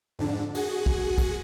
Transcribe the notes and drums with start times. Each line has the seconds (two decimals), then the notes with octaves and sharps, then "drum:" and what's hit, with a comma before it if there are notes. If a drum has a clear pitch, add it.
0.19 F2 G#2 D3 D4
0.55 F#4 G#4 F#5 G#5, drum: cymbal
0.86 drum: kick
1.18 drum: kick, cymbal